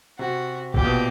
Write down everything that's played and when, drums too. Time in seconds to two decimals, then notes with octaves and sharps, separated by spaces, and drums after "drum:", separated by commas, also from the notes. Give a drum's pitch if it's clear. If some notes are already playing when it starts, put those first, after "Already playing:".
0.19 C3 F#4
0.74 A#2 G4, drum: kick G#1
0.84 B2